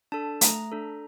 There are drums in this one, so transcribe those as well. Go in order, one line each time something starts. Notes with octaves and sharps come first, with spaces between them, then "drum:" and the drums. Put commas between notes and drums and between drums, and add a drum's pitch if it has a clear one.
D4 A4 A5
A3 A#5, drum: hi-hat
D4 A4